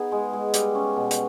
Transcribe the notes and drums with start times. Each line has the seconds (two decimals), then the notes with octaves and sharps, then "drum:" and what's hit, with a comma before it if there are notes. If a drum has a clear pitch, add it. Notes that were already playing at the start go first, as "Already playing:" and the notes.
Already playing: B3 D#4 G#4
0.12 G#3
0.33 G#3
0.54 G3, drum: hi-hat
0.75 C#4
0.96 B2
1.11 drum: hi-hat